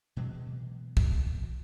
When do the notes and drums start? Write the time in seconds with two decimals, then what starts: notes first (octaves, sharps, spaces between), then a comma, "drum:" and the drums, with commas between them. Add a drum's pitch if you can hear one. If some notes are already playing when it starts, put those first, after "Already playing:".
0.16 B2 E3 F#3 G#3
0.97 drum: kick